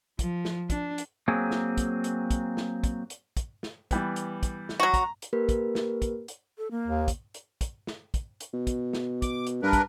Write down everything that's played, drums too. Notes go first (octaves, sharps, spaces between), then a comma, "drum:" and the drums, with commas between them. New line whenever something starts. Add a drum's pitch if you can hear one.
F3, drum: kick, hi-hat
drum: snare
D4, drum: kick, hi-hat
drum: hi-hat
F#3 A#3 C4 G#4
drum: snare
drum: kick, hi-hat
drum: hi-hat
drum: kick, hi-hat
drum: snare
drum: kick, hi-hat
drum: hi-hat
drum: kick, hi-hat
drum: snare
E3 G3 B3, drum: kick, hi-hat
drum: hi-hat
drum: kick, hi-hat
drum: snare
F#3 F#4
A#5, drum: kick, hi-hat
drum: hi-hat
A#3 G4 A#4 B4
drum: kick, hi-hat
drum: snare
drum: kick, hi-hat
drum: hi-hat
A4
A#3
D#2
drum: kick, hi-hat
drum: hi-hat
drum: kick, hi-hat
drum: snare
drum: kick, hi-hat
drum: hi-hat
B2
drum: kick, hi-hat
drum: snare
D6, drum: kick, hi-hat
drum: hi-hat
G2 D4 A#4 B4
drum: kick, hi-hat